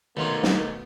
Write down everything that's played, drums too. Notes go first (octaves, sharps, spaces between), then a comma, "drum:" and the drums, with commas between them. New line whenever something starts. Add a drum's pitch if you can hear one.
B2 D#3 A3 A#3 D#4 F4 C6
drum: snare